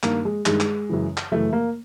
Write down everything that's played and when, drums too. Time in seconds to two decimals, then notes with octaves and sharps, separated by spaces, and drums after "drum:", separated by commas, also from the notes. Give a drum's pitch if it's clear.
0.03 G2 D#3 A#3, drum: clap
0.25 G#3
0.46 G2 D#3 G#3, drum: clap
0.60 drum: clap
0.89 F#2 C#3 E3
1.17 drum: clap
1.31 F#2 C#3 E3 A3
1.53 A#3